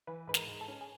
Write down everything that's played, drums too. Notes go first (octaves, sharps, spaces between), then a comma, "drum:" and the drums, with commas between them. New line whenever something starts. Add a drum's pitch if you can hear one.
E3 B4
G#2 B4
A#4, drum: snare
G#2
A4
C#4
G#4